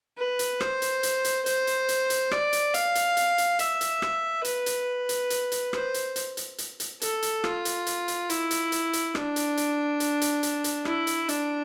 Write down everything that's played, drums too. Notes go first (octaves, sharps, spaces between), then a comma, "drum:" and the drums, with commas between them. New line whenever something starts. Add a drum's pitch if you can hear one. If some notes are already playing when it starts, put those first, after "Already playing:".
B4
drum: hi-hat
C5, drum: rim click
drum: hi-hat
drum: hi-hat
drum: hi-hat
C5, drum: hi-hat
drum: hi-hat
drum: hi-hat
drum: hi-hat
D5, drum: rim click
drum: hi-hat
F5, drum: hi-hat
drum: hi-hat
drum: hi-hat
drum: hi-hat
E5, drum: hi-hat
drum: hi-hat
drum: rim click
B4, drum: hi-hat
drum: hi-hat
drum: hi-hat
drum: hi-hat
drum: hi-hat
C5, drum: rim click
drum: hi-hat
drum: hi-hat
drum: hi-hat
drum: hi-hat
drum: hi-hat
A4, drum: hi-hat
drum: hi-hat
F4, drum: rim click
drum: hi-hat
drum: hi-hat
drum: hi-hat
E4, drum: hi-hat
drum: hi-hat
drum: hi-hat
drum: hi-hat
D4, drum: rim click
drum: hi-hat
drum: hi-hat
drum: hi-hat
drum: hi-hat
drum: hi-hat
drum: hi-hat
E4, drum: rim click
drum: hi-hat
D4, drum: hi-hat